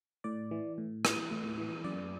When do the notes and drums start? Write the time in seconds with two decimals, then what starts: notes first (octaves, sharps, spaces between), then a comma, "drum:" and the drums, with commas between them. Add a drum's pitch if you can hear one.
0.24 A2 D5
0.51 E3
0.78 A2
1.05 E3, drum: rim click
1.31 A2
1.58 E3
1.84 F#2 D5